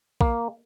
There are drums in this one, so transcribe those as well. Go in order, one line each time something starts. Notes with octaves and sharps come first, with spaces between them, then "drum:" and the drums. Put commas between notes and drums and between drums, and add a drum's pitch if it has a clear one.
A#3, drum: kick A#1